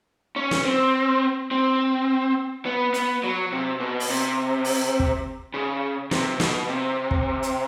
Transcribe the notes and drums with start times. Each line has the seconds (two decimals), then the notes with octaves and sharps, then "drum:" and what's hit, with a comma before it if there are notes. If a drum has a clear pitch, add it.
0.36 C#4
0.51 drum: snare
0.65 C4
1.51 C4
2.66 B3
2.94 B3, drum: hi-hat
3.24 F#3
3.52 C3
3.80 B2
4.00 drum: open hi-hat
4.10 C3
4.65 drum: open hi-hat
5.00 drum: kick
5.54 C#3
6.11 C3, drum: snare
6.40 B2, drum: snare
6.69 C3
7.11 drum: kick
7.43 drum: hi-hat